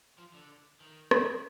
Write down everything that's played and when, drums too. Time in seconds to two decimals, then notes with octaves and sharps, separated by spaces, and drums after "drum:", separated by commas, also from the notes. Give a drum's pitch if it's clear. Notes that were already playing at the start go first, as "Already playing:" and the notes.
0.18 F3
0.34 D3
0.81 D#3
1.11 drum: rim click